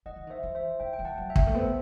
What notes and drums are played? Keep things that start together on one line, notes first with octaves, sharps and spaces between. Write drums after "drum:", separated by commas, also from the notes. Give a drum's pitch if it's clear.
D#3 D#5 F#5
E3
D#3 C5 E5
E3
C5 E5
D#3 E5 G5
G5
E3
F#5 A5
F#3
E5 G5
G3, drum: kick
A3
B3 A4 C5